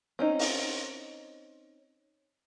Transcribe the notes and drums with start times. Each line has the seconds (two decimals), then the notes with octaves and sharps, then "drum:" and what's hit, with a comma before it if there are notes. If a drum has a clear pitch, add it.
0.19 C4 C#4 D#4
0.39 drum: open hi-hat